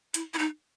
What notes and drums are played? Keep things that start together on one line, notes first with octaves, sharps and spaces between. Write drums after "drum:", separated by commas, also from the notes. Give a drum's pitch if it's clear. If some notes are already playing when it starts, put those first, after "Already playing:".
E4, drum: hi-hat
E4
D#4